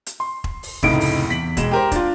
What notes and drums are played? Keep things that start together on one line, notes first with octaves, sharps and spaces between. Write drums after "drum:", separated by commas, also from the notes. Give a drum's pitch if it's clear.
drum: hi-hat
C6
drum: kick E1
drum: open hi-hat
F1 C#2 A2 D#4 D7, drum: kick E1
drum: open hi-hat
E2 B6 F#7
E1 G#3 E7, drum: kick E1, hi-hat
G4 A#4 C5
D4 F4, drum: kick E1, hi-hat